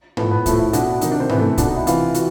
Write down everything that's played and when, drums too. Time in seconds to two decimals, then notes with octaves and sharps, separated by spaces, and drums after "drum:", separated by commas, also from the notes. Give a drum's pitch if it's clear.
0.17 A2 F3 B3, drum: tom G#2
0.31 B3
0.46 A2 F3 E4, drum: kick C2, hi-hat
0.59 E4
0.73 B2 D4, drum: hi-hat
1.01 C3 D#3 D#4, drum: hi-hat
1.12 D4
1.20 C4
1.29 C3 E3 B3, drum: tom G#2
1.40 A3
1.58 B2 D4, drum: kick C2, hi-hat
1.67 D#4
1.76 E4
1.87 C3 E3 F4, drum: hi-hat
2.14 E3 F#4, drum: hi-hat